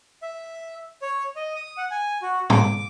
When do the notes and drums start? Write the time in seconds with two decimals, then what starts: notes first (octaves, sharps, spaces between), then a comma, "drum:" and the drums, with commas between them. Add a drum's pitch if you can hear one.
0.22 E5
1.02 C#5
1.36 D#5
1.56 D#6
1.77 F#5
1.91 G#5
2.22 F#4
2.50 D6, drum: tom G#2